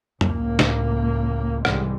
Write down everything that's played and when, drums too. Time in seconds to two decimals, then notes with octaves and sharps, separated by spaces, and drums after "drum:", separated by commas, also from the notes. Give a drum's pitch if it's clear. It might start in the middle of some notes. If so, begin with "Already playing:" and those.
0.21 C#2 A2 A#3, drum: tom F2
0.59 drum: snare
1.65 C2 G#2 C3 E3 G3 G#3, drum: rim click